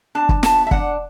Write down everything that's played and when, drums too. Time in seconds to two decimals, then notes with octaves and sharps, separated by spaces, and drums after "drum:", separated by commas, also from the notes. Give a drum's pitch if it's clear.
0.15 D4 A5
0.29 drum: kick
0.43 B3 A5, drum: snare
0.67 E5
0.71 D4 F#5, drum: kick